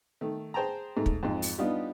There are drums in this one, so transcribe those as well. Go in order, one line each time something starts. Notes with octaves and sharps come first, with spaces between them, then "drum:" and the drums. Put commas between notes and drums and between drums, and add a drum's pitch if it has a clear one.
D#3 A3
G#4 C5 G5 A5 A#5
G#2 A3
drum: kick
F2 G#2
drum: open hi-hat
G3 B3 D4 D#4 F4 G4